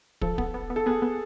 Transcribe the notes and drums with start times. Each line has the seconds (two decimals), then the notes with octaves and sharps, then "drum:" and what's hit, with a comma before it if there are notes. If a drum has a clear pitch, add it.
0.21 F3 A4, drum: kick
0.38 B3, drum: kick
0.54 B3
0.70 B3
0.76 A4
0.86 B3 G#4
1.02 B3